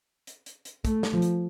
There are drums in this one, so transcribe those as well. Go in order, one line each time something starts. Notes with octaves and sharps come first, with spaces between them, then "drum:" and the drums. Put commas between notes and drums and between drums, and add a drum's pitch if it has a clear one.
drum: hi-hat
drum: hi-hat
drum: hi-hat
A3, drum: kick, hi-hat
drum: snare
F3
drum: hi-hat